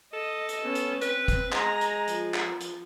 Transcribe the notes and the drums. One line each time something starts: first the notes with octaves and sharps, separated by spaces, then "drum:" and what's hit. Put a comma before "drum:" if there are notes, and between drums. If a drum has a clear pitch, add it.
A4 D#5
drum: hi-hat
B3 C#4
drum: hi-hat
C4 B4, drum: hi-hat
drum: kick, hi-hat
G#3 A#5, drum: clap
drum: hi-hat
F3, drum: hi-hat
drum: clap
drum: hi-hat